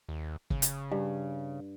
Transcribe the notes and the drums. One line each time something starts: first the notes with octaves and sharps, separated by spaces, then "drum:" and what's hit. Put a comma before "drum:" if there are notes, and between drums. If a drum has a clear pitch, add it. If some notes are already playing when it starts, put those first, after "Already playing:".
D#2
C#3, drum: kick
drum: hi-hat
G2